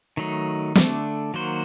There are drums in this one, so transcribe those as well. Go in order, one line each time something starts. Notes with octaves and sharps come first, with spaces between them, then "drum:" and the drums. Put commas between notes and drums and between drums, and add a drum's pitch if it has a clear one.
D#3 F#3 A3 D#4
D3 A3 D4, drum: snare
D#3 F#3 A#3 F#4 C5